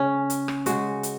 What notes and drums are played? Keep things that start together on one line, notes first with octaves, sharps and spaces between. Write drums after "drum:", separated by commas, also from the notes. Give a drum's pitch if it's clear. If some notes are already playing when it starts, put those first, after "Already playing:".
Already playing: C#3 C#4
drum: hi-hat
drum: rim click
C#3 G#3 F#4, drum: hi-hat
drum: hi-hat